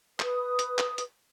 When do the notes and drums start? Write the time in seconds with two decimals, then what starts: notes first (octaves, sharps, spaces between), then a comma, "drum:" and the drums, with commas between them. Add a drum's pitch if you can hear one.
0.20 B4 D#6, drum: clap
0.59 drum: hi-hat
0.78 drum: clap
0.98 drum: hi-hat